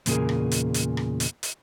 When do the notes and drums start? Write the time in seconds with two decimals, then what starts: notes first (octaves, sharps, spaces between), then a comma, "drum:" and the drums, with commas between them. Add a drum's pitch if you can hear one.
0.06 E2 A#2 C#3 G#3 G#4 A#4, drum: hi-hat
0.29 drum: rim click
0.52 drum: hi-hat
0.74 drum: hi-hat
0.97 drum: rim click
1.20 drum: hi-hat
1.43 drum: hi-hat